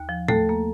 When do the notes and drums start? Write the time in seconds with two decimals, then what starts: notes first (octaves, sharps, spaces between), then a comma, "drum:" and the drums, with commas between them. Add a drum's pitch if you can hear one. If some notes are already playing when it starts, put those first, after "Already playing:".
Already playing: D#2
0.09 F3
0.28 D#2 A3 A4, drum: tom A2
0.49 A#3